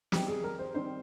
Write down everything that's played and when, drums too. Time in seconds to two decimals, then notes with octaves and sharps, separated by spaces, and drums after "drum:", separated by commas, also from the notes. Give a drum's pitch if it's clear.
0.12 D#3 G3 C4 D#4 G4, drum: snare
0.28 G#4
0.44 A#4
0.59 C5
0.74 D#3 G3 C4 D#4 C5